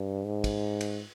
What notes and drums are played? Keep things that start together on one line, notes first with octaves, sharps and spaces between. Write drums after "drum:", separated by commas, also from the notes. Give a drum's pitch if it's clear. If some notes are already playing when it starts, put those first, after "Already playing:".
Already playing: G2
G#2
drum: kick, cymbal
drum: cymbal